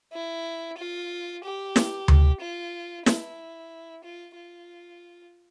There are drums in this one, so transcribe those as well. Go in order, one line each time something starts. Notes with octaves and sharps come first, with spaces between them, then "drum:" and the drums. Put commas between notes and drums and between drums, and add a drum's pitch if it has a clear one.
E4
F4
G4
drum: snare
drum: tom D2
F4
E4, drum: snare
F4
F4